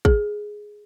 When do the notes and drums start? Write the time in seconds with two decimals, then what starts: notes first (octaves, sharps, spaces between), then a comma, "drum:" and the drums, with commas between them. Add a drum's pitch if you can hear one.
0.05 G#4, drum: kick